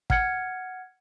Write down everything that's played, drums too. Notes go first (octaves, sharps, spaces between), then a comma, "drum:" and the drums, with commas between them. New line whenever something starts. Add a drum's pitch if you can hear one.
F#5 F6 G#6 C#7, drum: kick